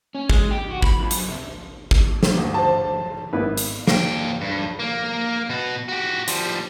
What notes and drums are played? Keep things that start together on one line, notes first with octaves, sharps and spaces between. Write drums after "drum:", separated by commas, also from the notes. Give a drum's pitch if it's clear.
C#4
G#3, drum: kick
G4
F#4
B5, drum: kick
F2
F#2, drum: hi-hat
C3
drum: kick
drum: snare
D2 G2
C5 A5
G#1 B3 E4 B4
drum: hi-hat
A#3 G5, drum: snare
G2
A#3
B2 F#4
F#4 G4
F3 G3, drum: hi-hat